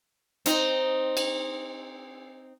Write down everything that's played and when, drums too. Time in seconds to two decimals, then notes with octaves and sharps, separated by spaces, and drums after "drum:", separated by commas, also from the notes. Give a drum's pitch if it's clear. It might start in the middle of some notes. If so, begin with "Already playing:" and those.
0.46 C4 D#4, drum: hi-hat
1.17 drum: cymbal